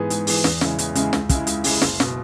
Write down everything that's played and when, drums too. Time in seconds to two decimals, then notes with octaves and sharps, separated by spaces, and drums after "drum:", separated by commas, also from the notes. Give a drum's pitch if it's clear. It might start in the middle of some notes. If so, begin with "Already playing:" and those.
Already playing: G#2 E3 B3 G#4
0.10 G#2, drum: hi-hat
0.27 E3 B3 G#4, drum: open hi-hat
0.44 E2, drum: snare
0.61 C#3 G#3 C#4 E4, drum: snare
0.78 E2, drum: hi-hat
0.95 C#3 G#3 C#4 E4, drum: hi-hat
1.13 C#2, drum: snare
1.29 C#3 G#3 E4, drum: kick, hi-hat
1.47 C#2, drum: hi-hat
1.64 C#3 G#3 E4, drum: open hi-hat
1.82 F#1, drum: snare
2.00 B2, drum: snare